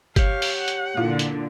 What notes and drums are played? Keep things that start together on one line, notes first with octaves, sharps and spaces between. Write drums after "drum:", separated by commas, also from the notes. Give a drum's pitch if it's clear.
G4 C#5 F5, drum: kick G1, hi-hat
drum: open hi-hat
F#5
drum: hi-hat
A#2 D3 E4 F4 F5
drum: hi-hat